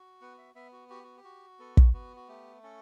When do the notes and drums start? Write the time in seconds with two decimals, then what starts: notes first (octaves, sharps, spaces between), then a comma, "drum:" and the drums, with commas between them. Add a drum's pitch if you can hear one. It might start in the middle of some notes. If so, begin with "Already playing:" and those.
Already playing: F#4
0.21 B3 F#5
0.38 E5
0.55 B3 E5
0.72 F#4
0.90 F#4 G4
1.03 F#4
1.17 G4
1.24 F#4
1.59 B3 A4
1.77 drum: kick
1.93 B3 F#4
2.16 F#4
2.28 A3 G4
2.63 C#4 A4